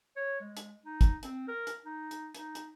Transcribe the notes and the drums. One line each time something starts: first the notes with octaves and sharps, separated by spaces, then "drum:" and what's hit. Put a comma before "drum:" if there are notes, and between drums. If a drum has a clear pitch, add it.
C#5
G#3
drum: hi-hat
D#4
drum: kick, hi-hat
C4, drum: hi-hat
A#4
drum: hi-hat
D#4
drum: hi-hat
D#4, drum: hi-hat
drum: hi-hat